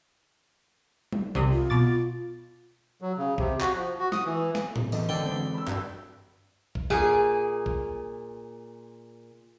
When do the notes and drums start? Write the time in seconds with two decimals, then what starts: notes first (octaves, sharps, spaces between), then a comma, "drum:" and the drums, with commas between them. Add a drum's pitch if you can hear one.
1.13 drum: tom
1.35 C2 C3 D#6, drum: tom C3
1.53 F4
1.70 B2 D6 A6
3.01 F#3
3.18 C#3
3.38 C3, drum: kick
3.61 F#4, drum: clap
3.76 F3
3.99 F#4
4.12 D#6, drum: snare
4.26 E3
4.55 drum: snare
4.76 drum: tom A2
4.92 G1 E3 A4 D#5, drum: open hi-hat
5.09 G#1 D2 D3 A4 D5 G5
5.26 E3 G#3 C4
5.54 B5 E6
5.68 G2 F#4, drum: clap
6.75 drum: kick
6.90 A#2 G#4, drum: kick
7.66 drum: kick